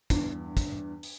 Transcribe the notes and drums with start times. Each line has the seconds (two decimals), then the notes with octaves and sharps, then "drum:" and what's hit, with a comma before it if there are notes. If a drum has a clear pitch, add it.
0.10 E2 G2 D4, drum: kick, hi-hat
0.57 drum: kick, hi-hat
1.03 drum: open hi-hat